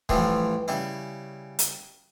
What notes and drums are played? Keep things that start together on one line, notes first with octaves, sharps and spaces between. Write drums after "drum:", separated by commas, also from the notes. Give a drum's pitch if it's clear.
A2 E3 F3 G3 A3, drum: kick C#1
C#3 G3 E4
drum: hi-hat